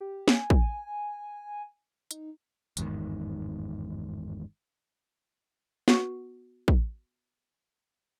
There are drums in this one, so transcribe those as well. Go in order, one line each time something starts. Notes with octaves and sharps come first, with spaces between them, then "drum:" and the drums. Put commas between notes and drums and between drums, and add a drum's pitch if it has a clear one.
G4
G#5, drum: snare
drum: kick
D#4, drum: hi-hat
G1 E2 G#2 D#3, drum: hi-hat
B3 F#4, drum: snare
drum: kick